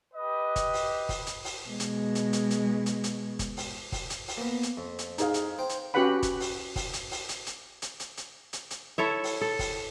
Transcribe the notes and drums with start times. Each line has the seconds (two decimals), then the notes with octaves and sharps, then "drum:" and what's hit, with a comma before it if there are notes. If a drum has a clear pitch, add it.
0.14 G4 B4 D#5
0.56 drum: kick, hi-hat
0.73 drum: open hi-hat
1.09 drum: kick, open hi-hat
1.27 drum: hi-hat
1.44 drum: open hi-hat
1.67 B2 G#3
1.80 drum: hi-hat
2.15 drum: hi-hat
2.33 drum: hi-hat
2.51 drum: hi-hat
2.86 drum: hi-hat
3.04 drum: hi-hat
3.39 drum: kick, hi-hat
3.57 drum: open hi-hat
3.92 drum: kick, open hi-hat
4.10 drum: hi-hat
4.28 drum: open hi-hat
4.37 A#3 B3
4.63 drum: hi-hat
4.77 F2
4.99 drum: hi-hat
5.18 D#4 G#4 F5, drum: hi-hat
5.34 drum: hi-hat
5.58 C5 G5
5.69 drum: hi-hat
5.94 C#4 F#4 G4 B4 F#5 B5
6.23 drum: kick, hi-hat
6.40 drum: open hi-hat
6.76 drum: kick, open hi-hat
6.93 drum: hi-hat
7.11 drum: open hi-hat
7.29 drum: hi-hat
7.47 drum: hi-hat
7.82 drum: hi-hat
8.00 drum: hi-hat
8.17 drum: hi-hat
8.53 drum: hi-hat
8.71 drum: hi-hat
8.98 E4 A4 C#5 E5
9.24 drum: open hi-hat
9.41 A4
9.59 drum: kick, open hi-hat